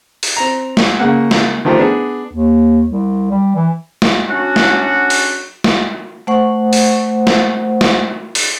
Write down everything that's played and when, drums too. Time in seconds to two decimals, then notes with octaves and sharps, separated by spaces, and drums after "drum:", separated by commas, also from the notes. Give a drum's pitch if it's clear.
0.23 drum: open hi-hat
0.36 C4 A#5
0.77 drum: snare
0.99 C#3 A#3 F#5
1.31 drum: snare
1.65 D#3 F3 A3 G4 A#4 C5
1.78 B3 D4 G#4
2.33 D#2
2.89 C2
3.31 G3
3.55 E3
4.02 drum: snare
4.29 F#3 C#4 D4 F#4
4.56 drum: snare
5.10 drum: open hi-hat
5.64 drum: snare
6.27 A3 C5 F#5 C#6
6.73 drum: open hi-hat
7.27 drum: snare
7.81 drum: snare
8.35 drum: open hi-hat